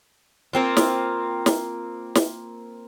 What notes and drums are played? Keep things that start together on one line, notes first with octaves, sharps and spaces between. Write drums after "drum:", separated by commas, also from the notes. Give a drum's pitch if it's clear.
A#3 C4 F4
drum: snare
drum: snare
drum: snare